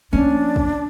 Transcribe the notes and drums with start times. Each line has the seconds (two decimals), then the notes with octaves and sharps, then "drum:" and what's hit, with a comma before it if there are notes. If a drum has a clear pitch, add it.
0.13 F3 A#3 C#4 D4
0.56 drum: kick